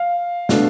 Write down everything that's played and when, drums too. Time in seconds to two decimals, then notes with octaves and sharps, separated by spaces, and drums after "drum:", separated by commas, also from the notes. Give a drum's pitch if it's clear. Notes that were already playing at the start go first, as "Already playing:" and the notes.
Already playing: F5
0.49 B2 A3 D4, drum: snare